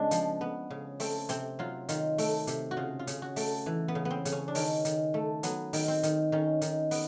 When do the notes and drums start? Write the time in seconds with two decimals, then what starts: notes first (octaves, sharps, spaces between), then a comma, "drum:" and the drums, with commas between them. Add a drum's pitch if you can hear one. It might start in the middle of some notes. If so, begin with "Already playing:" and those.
Already playing: C#3 G#3 C4 D4
0.11 F3, drum: hi-hat
0.41 B3
0.70 C#3
1.00 A3 C4, drum: open hi-hat
1.29 C3 C4, drum: hi-hat
1.59 F#3 F4
1.89 D#3 F4, drum: hi-hat
2.18 A3, drum: open hi-hat
2.47 C3, drum: hi-hat
2.71 F#4
2.77 C#3 F4
2.99 F4
3.07 C#3, drum: hi-hat
3.22 F#4
3.36 A3, drum: open hi-hat
3.66 E3
3.88 B3
3.95 C#3
4.05 B3
4.10 C4
4.25 C#3, drum: hi-hat
4.32 C#4
4.48 D4
4.55 D#3 C#4, drum: open hi-hat
4.85 D#3, drum: hi-hat
5.14 A3
5.43 F#3 B3, drum: hi-hat
5.73 D#3, drum: open hi-hat
5.88 C4
6.03 D#3, drum: hi-hat
6.32 D#3 C#4
6.61 D#3, drum: hi-hat
6.91 B3, drum: open hi-hat